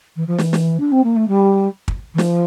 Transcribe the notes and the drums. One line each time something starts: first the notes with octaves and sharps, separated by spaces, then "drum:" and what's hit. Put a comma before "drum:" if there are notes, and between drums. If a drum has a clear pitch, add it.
E3
F3
E3, drum: snare
drum: snare
D4
C4
A#3
A3
G3
drum: kick
E3
F3, drum: snare